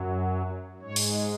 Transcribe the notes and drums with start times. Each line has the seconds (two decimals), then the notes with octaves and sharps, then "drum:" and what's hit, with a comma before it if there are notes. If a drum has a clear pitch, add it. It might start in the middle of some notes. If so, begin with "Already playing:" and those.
Already playing: F#2 F#3
0.82 G#2 G#3 C#5
0.96 drum: open hi-hat